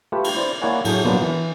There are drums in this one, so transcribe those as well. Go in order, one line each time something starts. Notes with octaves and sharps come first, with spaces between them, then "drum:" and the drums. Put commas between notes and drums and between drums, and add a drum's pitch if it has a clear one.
A3 F4 G4 B4
drum: cymbal
E4 C5 D5
A#3 E4 C#5 D5 F#5 G#5
A2 F#3 A3 G#4, drum: cymbal
B2 F#3 A#3 B3 D4 F4
E3